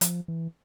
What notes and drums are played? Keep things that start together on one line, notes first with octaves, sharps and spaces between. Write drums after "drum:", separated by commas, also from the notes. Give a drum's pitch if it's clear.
F3, drum: hi-hat
E3